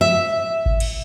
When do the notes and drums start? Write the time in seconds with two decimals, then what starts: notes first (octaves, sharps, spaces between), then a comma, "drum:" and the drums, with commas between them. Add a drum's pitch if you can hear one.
0.01 E5
0.66 drum: kick G#1
0.80 drum: cymbal